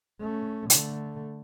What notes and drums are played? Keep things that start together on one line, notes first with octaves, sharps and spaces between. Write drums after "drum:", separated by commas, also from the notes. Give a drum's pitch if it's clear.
A3 C#4
D3 A3, drum: hi-hat